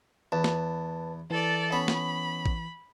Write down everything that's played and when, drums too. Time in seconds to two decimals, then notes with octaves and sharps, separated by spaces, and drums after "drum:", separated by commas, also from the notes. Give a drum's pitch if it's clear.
0.32 E2 B4 A5
0.44 drum: snare
1.31 E3 A4 D5
1.72 B3 C#4 B5
1.88 drum: snare
2.46 drum: kick A1